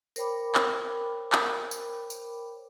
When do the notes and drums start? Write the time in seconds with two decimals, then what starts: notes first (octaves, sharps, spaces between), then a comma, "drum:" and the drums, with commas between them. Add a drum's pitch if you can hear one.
0.16 A#4 C5 C#5 G5 B5 D6, drum: tambourine
0.55 drum: clap
1.32 drum: clap
1.71 drum: tambourine
2.10 drum: tambourine